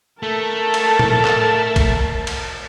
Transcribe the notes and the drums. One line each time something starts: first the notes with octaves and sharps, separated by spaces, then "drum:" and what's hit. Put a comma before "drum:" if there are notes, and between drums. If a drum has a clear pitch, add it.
A3 A4 A#4 A5
drum: cymbal
drum: tom A2
drum: clap
drum: kick, cymbal
drum: cymbal